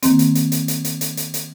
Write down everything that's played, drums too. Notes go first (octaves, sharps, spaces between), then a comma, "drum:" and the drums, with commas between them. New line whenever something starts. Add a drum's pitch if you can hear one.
D#3 A#3 C4, drum: hi-hat
drum: hi-hat
drum: hi-hat
drum: hi-hat
drum: hi-hat
drum: hi-hat
drum: hi-hat
drum: hi-hat
drum: hi-hat